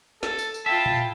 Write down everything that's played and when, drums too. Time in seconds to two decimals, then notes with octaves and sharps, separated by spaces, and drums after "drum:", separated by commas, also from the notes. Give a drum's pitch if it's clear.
0.23 A4, drum: snare
0.39 drum: tambourine
0.54 drum: tambourine
0.66 E4 F4 A4 E5 G5 A5
0.86 drum: tom A2